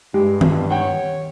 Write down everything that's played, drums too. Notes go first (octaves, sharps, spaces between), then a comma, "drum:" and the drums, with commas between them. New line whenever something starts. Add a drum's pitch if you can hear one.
G2 G#3 G4
drum: tom D#3
C#5 F#5 G5